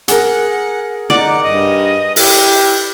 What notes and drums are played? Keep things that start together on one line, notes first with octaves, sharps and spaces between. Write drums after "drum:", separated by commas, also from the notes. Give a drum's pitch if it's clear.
G#4 A#4 F#5, drum: hi-hat
D#4 D5 F#5
G2 D#5
E4 G4, drum: open hi-hat